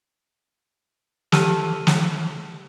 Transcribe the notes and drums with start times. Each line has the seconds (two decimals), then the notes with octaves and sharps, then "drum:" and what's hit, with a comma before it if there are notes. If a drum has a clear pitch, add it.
1.32 G4 A4 A5 E6 F6 D#7, drum: snare
1.87 drum: snare